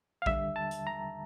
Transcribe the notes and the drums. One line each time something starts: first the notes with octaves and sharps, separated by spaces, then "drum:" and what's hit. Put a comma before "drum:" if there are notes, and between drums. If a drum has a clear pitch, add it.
F5
D#2 D3 G3 E5, drum: kick A#1
A5
drum: hi-hat
A#5